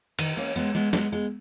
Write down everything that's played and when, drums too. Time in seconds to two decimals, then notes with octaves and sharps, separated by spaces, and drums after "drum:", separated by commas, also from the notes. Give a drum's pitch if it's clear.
0.19 D#3, drum: cymbal
0.37 A#3 C#4
0.56 G#3 B3
0.75 G#3 B3
0.93 G#3 B3, drum: snare
1.12 G#3 B3